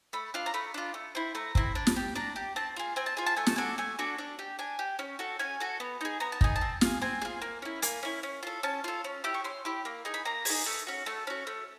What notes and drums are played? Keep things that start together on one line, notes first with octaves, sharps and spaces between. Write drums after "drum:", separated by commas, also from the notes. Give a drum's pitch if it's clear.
A3 B5
D4 F4
A#5
A3 B5
D4 F4
A3
C4 E4
A3 A#5
C4 E4, drum: kick
D4
drum: snare
G4
D4 A#5
G4
C4 A5
F4 G#4
C4 G#5
A5
F4 G#4 G#5
A5
A3 G#5
A5, drum: snare
D4 F#4 A4 G#5
A3 G#5
D4 F#4 A4
D4
G4
D4 G#5
G4
C#4
F#4 A4
C#4 G#5
F#4 A4
B3
D#4 G#4
B3 A#5
A5
D#4 G#4 G#5, drum: kick
A5
C4
F4 G#4, drum: snare
C4 G#5
F4 G#4
A#3
C#4 E4
A#3 G#5, drum: hi-hat
C#4 E4
C#4
F4 A4
C#4 A5
F4 A4
C#4
E4 G4
C#6
C#4 C6
E4 G4
A#3
D#4 G#4
B5
A#3 A#5
D#4 G#4, drum: open hi-hat
A3
C#4 F#4
A3 A5
C#4 F#4
A3